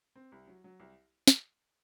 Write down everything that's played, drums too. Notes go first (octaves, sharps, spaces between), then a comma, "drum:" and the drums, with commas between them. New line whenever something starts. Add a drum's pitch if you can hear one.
C4
C2
F#3
F#3
C2
drum: snare